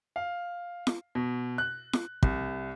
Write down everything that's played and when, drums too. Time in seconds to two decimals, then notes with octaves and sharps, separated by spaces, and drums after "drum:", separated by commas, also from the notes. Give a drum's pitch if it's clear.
0.16 F5
0.87 drum: snare
1.15 B2
1.58 F#6
1.93 drum: snare
2.23 C2, drum: kick